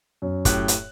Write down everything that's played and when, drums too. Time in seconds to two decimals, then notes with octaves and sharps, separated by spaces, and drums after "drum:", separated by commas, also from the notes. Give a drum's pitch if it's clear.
0.22 F#2
0.45 A2 G4 F#6, drum: kick, hi-hat
0.68 drum: hi-hat